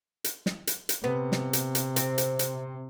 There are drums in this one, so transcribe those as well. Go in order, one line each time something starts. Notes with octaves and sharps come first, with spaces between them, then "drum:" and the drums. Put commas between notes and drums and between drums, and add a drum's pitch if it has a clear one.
drum: hi-hat
drum: snare
drum: hi-hat
drum: hi-hat
C3 B3
drum: snare
drum: hi-hat
drum: hi-hat
C4, drum: hi-hat
drum: hi-hat
drum: hi-hat